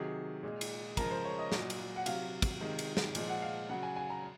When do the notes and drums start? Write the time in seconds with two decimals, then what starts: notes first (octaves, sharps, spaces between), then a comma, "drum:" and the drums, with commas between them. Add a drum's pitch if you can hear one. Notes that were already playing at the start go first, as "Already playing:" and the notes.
Already playing: C3 D#3 F#3 G#4
0.43 A#2 G#3
0.61 drum: cymbal
0.97 C#3 F3 G#3 A#4, drum: kick, cymbal
1.11 C5
1.25 C#5
1.38 D#5
1.52 A#2 F#3, drum: snare
1.70 drum: cymbal
1.96 F#5
2.06 C3 F#3 F5, drum: cymbal
2.42 drum: kick, cymbal
2.60 C3 D#3 G#3
2.79 drum: cymbal
2.97 drum: snare
3.15 A#2 F3 G#3, drum: cymbal
3.29 F#5
3.42 F5
3.69 C#3 F#3 F#5
3.83 G#5
3.96 G#5
4.10 A#5